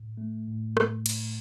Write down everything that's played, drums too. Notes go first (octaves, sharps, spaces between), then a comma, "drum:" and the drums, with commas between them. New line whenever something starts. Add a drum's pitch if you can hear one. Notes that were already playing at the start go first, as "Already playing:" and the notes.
Already playing: A2
A3
A2
A2, drum: rim click
A2, drum: cymbal